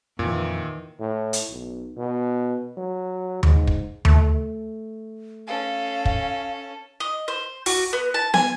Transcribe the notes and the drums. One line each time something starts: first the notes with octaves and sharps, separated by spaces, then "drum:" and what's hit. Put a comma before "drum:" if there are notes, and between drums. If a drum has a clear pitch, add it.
F2 A#2 D#3 E3
A2
drum: hi-hat
B1
B2
F#3
G#2, drum: tom D#2
drum: kick
A3, drum: tom D#2
C#4 A4 F5
drum: kick
D#5
C5
F#4, drum: open hi-hat
B3
A5
G#5, drum: snare B3